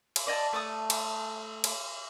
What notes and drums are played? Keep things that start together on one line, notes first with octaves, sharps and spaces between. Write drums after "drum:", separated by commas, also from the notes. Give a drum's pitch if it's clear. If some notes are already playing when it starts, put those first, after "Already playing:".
drum: cymbal
D5 D#5 G#5 A5
A3 A5 D#6
drum: cymbal
drum: cymbal